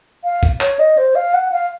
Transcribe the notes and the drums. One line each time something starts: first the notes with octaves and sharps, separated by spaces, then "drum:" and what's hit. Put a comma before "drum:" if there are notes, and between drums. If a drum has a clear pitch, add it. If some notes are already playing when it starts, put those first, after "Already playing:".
F5
drum: kick A#1
C#5, drum: clap
D#5
C5
F5
F#5
F5